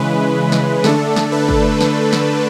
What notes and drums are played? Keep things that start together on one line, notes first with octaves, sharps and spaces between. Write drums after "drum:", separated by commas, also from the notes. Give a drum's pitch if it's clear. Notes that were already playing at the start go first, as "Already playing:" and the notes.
Already playing: C#3 E3 G#3 B4
drum: snare
D3 A3 D4 A4, drum: snare
drum: snare
B4
drum: kick
drum: snare
drum: snare